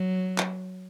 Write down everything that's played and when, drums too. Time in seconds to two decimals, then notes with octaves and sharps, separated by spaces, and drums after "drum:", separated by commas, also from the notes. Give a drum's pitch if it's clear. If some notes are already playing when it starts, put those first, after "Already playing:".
Already playing: F#3
0.38 drum: clap